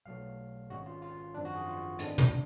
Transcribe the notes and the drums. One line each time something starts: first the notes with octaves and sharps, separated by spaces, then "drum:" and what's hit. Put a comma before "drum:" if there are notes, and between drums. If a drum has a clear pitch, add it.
B1 B2 F#3 A3 F5
G#1 G#2 G#3 C#4 F#4
F4
F4
G#1 F#2 F3 D4
F#4
G#4
F4
G#1 G#2 G#3 B3 D4, drum: hi-hat
drum: tom